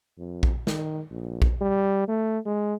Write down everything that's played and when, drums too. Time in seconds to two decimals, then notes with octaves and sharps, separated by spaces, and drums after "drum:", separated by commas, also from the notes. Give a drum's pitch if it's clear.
0.18 F2
0.43 drum: kick A#1
0.67 D#3, drum: snare
1.11 A#1
1.42 drum: kick A#1
1.61 G3
2.08 A3
2.45 G#3